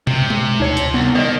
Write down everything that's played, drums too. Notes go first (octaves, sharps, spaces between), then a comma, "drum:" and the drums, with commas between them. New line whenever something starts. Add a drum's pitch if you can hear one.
C3, drum: tom B2
drum: tom G#3
D2 D#4 C#5 C#7
drum: hi-hat
C2 B3
D#3 D5 D#5